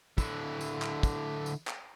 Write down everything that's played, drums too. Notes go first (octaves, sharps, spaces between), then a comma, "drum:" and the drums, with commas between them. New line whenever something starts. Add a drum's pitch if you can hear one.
D3 E4, drum: kick, tambourine
drum: tambourine
drum: clap
drum: kick, tambourine
drum: tambourine
drum: clap